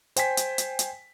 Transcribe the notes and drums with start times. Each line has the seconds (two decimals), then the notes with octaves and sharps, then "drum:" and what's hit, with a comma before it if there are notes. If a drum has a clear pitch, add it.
0.16 C5 G5 G#5 B6, drum: hi-hat
0.37 drum: hi-hat
0.58 drum: hi-hat
0.79 drum: hi-hat